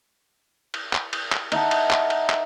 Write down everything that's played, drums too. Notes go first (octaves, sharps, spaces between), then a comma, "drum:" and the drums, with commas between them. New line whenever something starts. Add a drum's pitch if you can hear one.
drum: cymbal
drum: clap
drum: cymbal
drum: clap
D#4 E5 F#5 A5, drum: cymbal
drum: cymbal
drum: clap
drum: cymbal
drum: clap